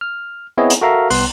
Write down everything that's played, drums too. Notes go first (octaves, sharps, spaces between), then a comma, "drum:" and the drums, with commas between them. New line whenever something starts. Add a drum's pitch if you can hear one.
F6
B3 C4 E4 G#4 C#5 D#5
drum: hi-hat
F#4 A4 A#4 E5 F5 A#5
C2 B3 C6 F#6, drum: open hi-hat